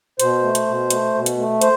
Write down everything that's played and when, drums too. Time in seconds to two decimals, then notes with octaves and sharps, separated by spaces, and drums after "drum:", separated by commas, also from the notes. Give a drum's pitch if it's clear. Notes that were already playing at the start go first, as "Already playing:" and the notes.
0.20 B2 C5, drum: hi-hat
0.43 A3
0.55 drum: hi-hat
0.67 B2
0.90 A3, drum: hi-hat
1.14 B2
1.26 drum: hi-hat
1.38 A3
1.61 C5, drum: hi-hat